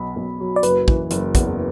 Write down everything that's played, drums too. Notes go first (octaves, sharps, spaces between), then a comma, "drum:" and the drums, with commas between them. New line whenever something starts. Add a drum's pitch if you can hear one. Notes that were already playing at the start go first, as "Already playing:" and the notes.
Already playing: B1 B2 F#3 B5
B1
F#3
D5
F#1 B4, drum: hi-hat
E3, drum: kick
F#1, drum: hi-hat
E2, drum: kick, hi-hat